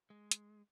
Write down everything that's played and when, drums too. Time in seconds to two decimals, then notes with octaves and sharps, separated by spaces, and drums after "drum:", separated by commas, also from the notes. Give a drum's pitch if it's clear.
0.10 G#3
0.31 drum: hi-hat